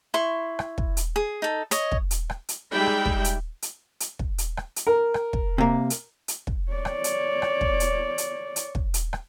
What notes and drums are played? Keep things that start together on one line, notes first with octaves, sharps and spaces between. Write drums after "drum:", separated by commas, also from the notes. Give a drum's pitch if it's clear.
E4 C6 C#6
drum: rim click
drum: kick
drum: hi-hat
G#4
D#4 A4
C#5 D#5, drum: hi-hat
drum: kick
drum: hi-hat
drum: rim click
drum: hi-hat
G3 G#3 D#4 E5 G5 B5
drum: rim click
drum: kick
drum: hi-hat
drum: hi-hat
drum: hi-hat
drum: kick
drum: hi-hat
drum: rim click
drum: hi-hat
A#4
drum: rim click
drum: kick
C3 A#3
drum: hi-hat
drum: hi-hat
drum: kick
C#5 D5
drum: rim click
drum: hi-hat
drum: rim click
drum: kick
drum: hi-hat
drum: hi-hat
drum: hi-hat
drum: kick
drum: hi-hat
drum: rim click